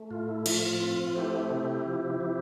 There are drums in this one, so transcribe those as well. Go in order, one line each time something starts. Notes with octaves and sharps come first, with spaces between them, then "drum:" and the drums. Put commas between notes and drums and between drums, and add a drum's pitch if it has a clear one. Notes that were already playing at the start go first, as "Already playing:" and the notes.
Already playing: A3
A2 F4
E4
F3 F4, drum: cymbal
C4
A3 E4 G4
C3
F3
C3